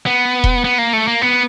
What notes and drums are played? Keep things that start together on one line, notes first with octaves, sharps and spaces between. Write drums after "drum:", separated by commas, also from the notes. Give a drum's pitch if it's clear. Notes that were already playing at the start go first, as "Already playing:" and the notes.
B3
drum: kick E1
B3
A#3
A3
A#3
B3